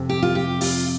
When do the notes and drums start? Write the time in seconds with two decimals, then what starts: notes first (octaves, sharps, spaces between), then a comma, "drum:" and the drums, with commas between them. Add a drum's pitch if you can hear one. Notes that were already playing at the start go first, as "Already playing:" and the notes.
Already playing: F2 C3
0.09 G4
0.22 F4
0.35 G4
0.61 F4, drum: open hi-hat